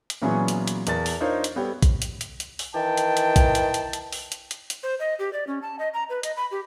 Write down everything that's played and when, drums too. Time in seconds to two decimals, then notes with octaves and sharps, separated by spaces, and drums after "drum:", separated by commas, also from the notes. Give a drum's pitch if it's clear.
0.10 drum: hi-hat
0.22 A#2 E3 F#3 B3 C#4 G#4
0.48 drum: hi-hat
0.67 drum: hi-hat
0.87 E2 A#4 A5 A6, drum: hi-hat
1.06 drum: open hi-hat
1.20 D4 D#4 F4 A#4 C5 C#5
1.44 drum: hi-hat
1.56 G3 B3 G4 A4 C#5 G5
1.83 drum: kick, hi-hat
2.02 drum: hi-hat
2.21 drum: hi-hat
2.40 drum: hi-hat
2.59 drum: open hi-hat
2.74 D#3 E3 G5 A5
2.98 drum: hi-hat
3.17 drum: hi-hat
3.36 drum: kick, hi-hat
3.55 drum: hi-hat
3.74 drum: hi-hat
3.93 drum: hi-hat
4.13 drum: open hi-hat
4.32 drum: hi-hat
4.51 drum: hi-hat
4.70 drum: hi-hat
4.83 C5
5.00 D#5
5.19 G4
5.33 D5
5.47 C#4
5.62 A5
5.79 D#5
5.94 A#5
6.09 B4
6.23 D#5, drum: hi-hat
6.37 B5
6.51 G4